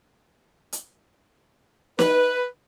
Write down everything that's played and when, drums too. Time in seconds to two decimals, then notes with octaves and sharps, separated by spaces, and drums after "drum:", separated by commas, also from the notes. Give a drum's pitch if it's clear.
0.73 drum: hi-hat
1.99 B4, drum: snare